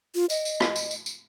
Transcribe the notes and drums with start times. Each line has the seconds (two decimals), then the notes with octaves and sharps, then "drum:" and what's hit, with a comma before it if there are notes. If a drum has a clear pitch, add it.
0.15 F4
0.30 D#5, drum: tambourine
0.45 drum: tambourine
0.60 drum: rim click
0.76 drum: tambourine
0.91 drum: tambourine
1.06 drum: tambourine